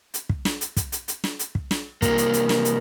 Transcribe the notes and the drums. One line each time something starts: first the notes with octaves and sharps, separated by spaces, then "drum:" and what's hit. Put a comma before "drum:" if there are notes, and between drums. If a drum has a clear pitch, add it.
drum: hi-hat
drum: kick
drum: snare
drum: hi-hat
drum: kick, hi-hat
drum: hi-hat
drum: hi-hat
drum: snare
drum: hi-hat
drum: kick
drum: snare
C2 A#3, drum: kick, hi-hat
drum: hi-hat
drum: hi-hat
drum: snare
drum: hi-hat